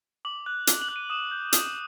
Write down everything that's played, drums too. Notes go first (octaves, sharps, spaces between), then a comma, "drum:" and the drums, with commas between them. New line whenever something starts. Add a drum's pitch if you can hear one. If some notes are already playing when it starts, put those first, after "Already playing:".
D6 F#7
F#6 F#7
D6 G7, drum: hi-hat
F#7
F#6
D#7
D#6 E7
G6
D#6, drum: hi-hat